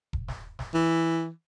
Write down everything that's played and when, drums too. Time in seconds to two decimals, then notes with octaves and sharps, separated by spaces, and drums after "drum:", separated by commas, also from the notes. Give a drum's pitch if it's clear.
0.13 drum: kick E1
0.28 drum: snare
0.59 drum: snare
0.74 E3